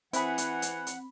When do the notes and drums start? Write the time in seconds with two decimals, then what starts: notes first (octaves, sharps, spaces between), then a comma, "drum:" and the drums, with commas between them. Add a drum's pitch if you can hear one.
0.13 E3 C4 E4 G#4 F#5 B5, drum: hi-hat
0.38 drum: hi-hat
0.62 drum: hi-hat
0.87 drum: hi-hat